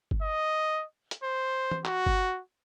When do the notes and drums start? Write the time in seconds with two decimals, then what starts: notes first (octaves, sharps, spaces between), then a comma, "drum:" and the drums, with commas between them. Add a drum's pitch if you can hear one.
0.11 drum: kick G1
0.22 D#5
1.11 drum: hi-hat
1.24 C5
1.71 drum: tom E3
1.85 F#4, drum: clap
2.06 drum: kick G1